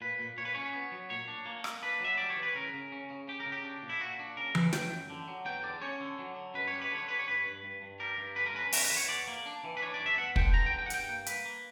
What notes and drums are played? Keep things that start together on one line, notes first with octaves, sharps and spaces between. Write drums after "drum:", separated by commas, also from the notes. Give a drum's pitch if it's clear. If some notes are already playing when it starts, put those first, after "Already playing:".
A#2 B4
A#2
A#2 C#5
B4
C#4 C#5
B3
F#3
A#2 C#5
D4
A#3
A#3, drum: rim click
D4 B4
F#3 E5
G3 D5
C#5
E3
B4
C#3 A#4
C#3
C#4
C#3
C#3 G4
A#4
C#3
G4
D4
A#2
E4
A#2 F#4
D4
C#3 A#4
E3, drum: tom E3
E3 G5, drum: snare
F#2
D3
F#3
E2 G5
D3 D5
C#4 C#5
D3
F#3
D3
F#2 B4
G3 C#5
B4
D3 C#5
G3 B4
C#5
G2 B4
G2
G2
G2
G3 A#4
G2
D3 B4
A#4
C#4 B4
E2 A#4, drum: open hi-hat
B4
E2
C#5
E2 D5
A#3
D4
E3
B4
D4 C#5
D5
G2
E5
E2 F#5
D3 G5, drum: kick
E2 A#5
G5
E2
G5
F#5
G2 G5, drum: hi-hat
A#3
A#3 B4, drum: hi-hat
A#3